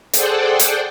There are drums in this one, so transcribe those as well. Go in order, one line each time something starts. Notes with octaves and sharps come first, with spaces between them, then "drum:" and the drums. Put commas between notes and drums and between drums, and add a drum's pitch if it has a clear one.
G#4 A4 C5 D5 F#5 G5, drum: hi-hat
drum: hi-hat